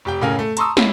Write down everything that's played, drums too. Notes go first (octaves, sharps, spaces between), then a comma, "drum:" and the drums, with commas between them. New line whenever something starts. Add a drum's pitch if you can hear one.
F1 G4 G5
A2 C#3 A#4 F5 G#5
A3
A5 A#5 C6 C#6 D#6 E6, drum: hi-hat
C#4 E4, drum: snare